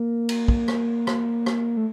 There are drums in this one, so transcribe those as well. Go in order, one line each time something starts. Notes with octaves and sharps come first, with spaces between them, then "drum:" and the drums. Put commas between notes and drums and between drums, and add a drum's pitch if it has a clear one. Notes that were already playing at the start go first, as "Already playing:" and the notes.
Already playing: A#3
drum: cymbal
drum: kick
drum: rim click
drum: rim click
drum: rim click
A3